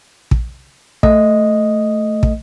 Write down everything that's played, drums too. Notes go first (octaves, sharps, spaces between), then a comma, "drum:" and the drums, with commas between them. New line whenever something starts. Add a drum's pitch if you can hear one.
drum: kick
A3 D#5, drum: kick
drum: kick